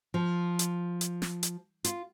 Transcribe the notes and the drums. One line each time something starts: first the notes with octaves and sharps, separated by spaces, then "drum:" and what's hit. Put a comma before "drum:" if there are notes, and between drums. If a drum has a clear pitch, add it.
F3
drum: hi-hat
drum: hi-hat
drum: snare
drum: hi-hat
F4, drum: hi-hat